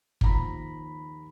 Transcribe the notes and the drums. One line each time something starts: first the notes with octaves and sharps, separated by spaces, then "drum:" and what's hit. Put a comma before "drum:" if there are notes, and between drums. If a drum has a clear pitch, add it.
D#2 D#3 F3 A#5 B5 A#6, drum: kick